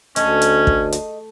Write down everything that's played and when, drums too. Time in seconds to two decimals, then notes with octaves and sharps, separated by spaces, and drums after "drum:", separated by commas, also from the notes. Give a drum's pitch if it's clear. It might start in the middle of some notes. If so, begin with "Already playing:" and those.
0.16 D2 A3 C#4 G#4 A4 D#5, drum: hi-hat
0.41 drum: hi-hat
0.67 drum: kick
0.92 drum: hi-hat